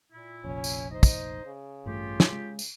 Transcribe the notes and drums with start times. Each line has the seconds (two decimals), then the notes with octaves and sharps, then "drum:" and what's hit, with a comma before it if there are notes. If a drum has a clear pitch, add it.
0.12 A#2 E4
0.44 F1 A#1 C#4
0.64 drum: tambourine
0.92 D#4 C5 D#5
1.03 drum: kick, tambourine
1.46 C#3
1.86 A1 G2 A3 F4 G4
2.20 drum: snare
2.32 G#3
2.59 drum: tambourine